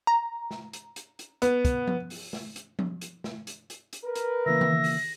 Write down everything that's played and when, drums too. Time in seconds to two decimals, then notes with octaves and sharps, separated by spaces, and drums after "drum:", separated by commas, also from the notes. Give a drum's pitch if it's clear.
0.07 A#5
0.51 drum: snare
0.73 drum: hi-hat
0.96 drum: hi-hat
1.19 drum: hi-hat
1.42 B3, drum: hi-hat
1.65 drum: kick, hi-hat
1.87 drum: tom F3
2.10 drum: open hi-hat
2.33 drum: snare
2.56 drum: hi-hat
2.79 drum: tom F3
3.01 drum: hi-hat
3.24 drum: snare
3.47 drum: hi-hat
3.70 drum: hi-hat
3.93 drum: hi-hat
4.05 A#4 B4
4.15 drum: hi-hat
4.46 C#3 E3 A#3 E5 A#6
4.61 drum: tom D#3
4.84 drum: open hi-hat